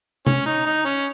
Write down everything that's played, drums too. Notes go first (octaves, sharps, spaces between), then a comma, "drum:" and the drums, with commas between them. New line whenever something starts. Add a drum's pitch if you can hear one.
C#4, drum: tom
D#4
D#4
C#4